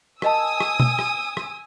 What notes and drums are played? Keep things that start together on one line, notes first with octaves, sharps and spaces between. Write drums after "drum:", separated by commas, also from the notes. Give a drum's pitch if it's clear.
A#4 D#5 G#5 A5 D#6 E6, drum: rim click
drum: rim click
drum: tom B2
drum: rim click
drum: rim click